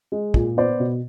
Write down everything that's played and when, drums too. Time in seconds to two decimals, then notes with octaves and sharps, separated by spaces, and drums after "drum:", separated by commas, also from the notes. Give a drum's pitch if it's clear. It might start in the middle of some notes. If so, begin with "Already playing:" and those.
0.12 G#3
0.34 A#2, drum: kick
0.57 B3 C5 D5
0.80 B2